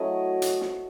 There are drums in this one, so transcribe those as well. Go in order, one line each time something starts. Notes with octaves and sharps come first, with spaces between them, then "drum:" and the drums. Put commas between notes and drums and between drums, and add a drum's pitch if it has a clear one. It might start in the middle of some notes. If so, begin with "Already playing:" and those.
Already playing: F#3 A3 C#4 E4 D#5
drum: hi-hat
drum: snare